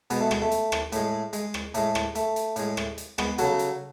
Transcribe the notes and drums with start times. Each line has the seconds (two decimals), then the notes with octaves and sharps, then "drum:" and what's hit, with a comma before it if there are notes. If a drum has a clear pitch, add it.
0.10 B2 G#3 B3, drum: hi-hat
0.21 A3
0.31 G#3, drum: rim click
0.42 A3
0.51 drum: hi-hat
0.72 drum: rim click
0.92 A2 G#3 A3, drum: hi-hat
1.33 G#3, drum: hi-hat
1.54 drum: rim click
1.74 A2 G#3 A3, drum: hi-hat
1.95 drum: rim click
2.15 A3, drum: hi-hat
2.36 drum: hi-hat
2.56 A2 G#3, drum: hi-hat
2.77 drum: rim click
2.98 drum: hi-hat
3.18 G#3 B3, drum: rim click
3.38 C#3 F#3 F#4 A4, drum: hi-hat
3.59 drum: hi-hat